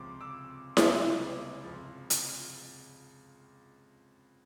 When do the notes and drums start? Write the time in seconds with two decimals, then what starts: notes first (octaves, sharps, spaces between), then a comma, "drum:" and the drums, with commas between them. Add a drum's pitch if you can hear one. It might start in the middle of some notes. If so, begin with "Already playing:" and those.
Already playing: C#2 C3 F3 C6 D6
0.21 D6 E6
0.77 C#2 C3 F3 D6 E6, drum: snare E4
1.63 C#2 C3 F3
2.10 drum: hi-hat